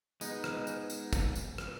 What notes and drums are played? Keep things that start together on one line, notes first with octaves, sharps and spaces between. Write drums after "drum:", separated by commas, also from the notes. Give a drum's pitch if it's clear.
G#3 B3 D#4, drum: tambourine
drum: rim click
drum: tambourine
drum: tambourine
drum: kick, tambourine
drum: tambourine
drum: rim click